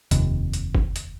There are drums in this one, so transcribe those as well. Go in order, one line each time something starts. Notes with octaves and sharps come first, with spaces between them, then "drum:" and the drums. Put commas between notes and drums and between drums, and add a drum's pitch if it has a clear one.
F1 D#2 C3, drum: hi-hat
drum: hi-hat
drum: kick
drum: hi-hat